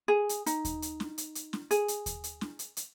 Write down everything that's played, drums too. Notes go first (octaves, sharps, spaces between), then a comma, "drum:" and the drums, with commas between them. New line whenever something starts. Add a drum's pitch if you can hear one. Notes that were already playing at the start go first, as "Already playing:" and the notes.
G#4
drum: hi-hat
D#4, drum: hi-hat
drum: kick D#2, hi-hat
drum: hi-hat
drum: snare
drum: hi-hat
drum: hi-hat
drum: snare
G#4, drum: hi-hat
drum: hi-hat
drum: kick D#2, hi-hat
drum: hi-hat
drum: snare
drum: hi-hat
drum: hi-hat